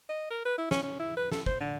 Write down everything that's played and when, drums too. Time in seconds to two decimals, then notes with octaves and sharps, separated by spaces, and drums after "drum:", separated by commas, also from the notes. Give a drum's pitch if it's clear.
0.09 D#5
0.30 A#4
0.45 B4
0.58 E4
0.71 C#4, drum: snare
0.83 C#4
0.99 E4
1.17 B4
1.32 A4, drum: snare
1.46 C5, drum: kick
1.61 D3